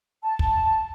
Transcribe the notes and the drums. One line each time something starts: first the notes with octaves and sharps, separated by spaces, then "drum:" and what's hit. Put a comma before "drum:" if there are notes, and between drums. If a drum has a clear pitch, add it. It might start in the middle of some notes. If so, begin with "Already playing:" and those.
A5
drum: kick